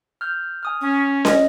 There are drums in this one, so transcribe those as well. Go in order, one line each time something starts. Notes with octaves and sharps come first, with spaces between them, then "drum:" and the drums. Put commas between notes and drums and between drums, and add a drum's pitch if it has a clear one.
F6 G6
G#5 D#6 F6
C#4
D#5, drum: snare C#4